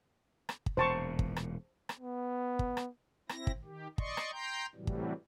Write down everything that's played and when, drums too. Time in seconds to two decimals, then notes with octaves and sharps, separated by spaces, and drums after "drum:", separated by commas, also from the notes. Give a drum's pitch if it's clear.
0.49 drum: rim click
0.66 drum: kick
0.77 E1 A#2 C5 A5 C#6
1.19 drum: kick
1.36 drum: rim click
1.89 drum: rim click
1.99 B3
2.59 drum: kick
2.77 drum: rim click
3.29 C4 E4 A#6, drum: rim click
3.47 drum: kick
3.64 D#3 G4
3.98 D5 D#5 C6 C#6, drum: kick
4.17 drum: rim click
4.32 G5 A#5 C6 G6
4.75 A2 C3 E3 F#3 G3
4.87 drum: kick